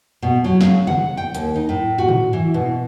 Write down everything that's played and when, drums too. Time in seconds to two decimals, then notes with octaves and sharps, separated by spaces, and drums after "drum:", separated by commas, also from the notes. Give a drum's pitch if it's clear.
0.22 B2
0.44 F#3
0.61 C#3, drum: snare
0.87 F#5, drum: tom
1.17 G5
1.35 D#2, drum: hi-hat
1.55 D#4
1.69 A2
1.98 F#4
2.08 drum: tom
2.33 E3
2.54 B2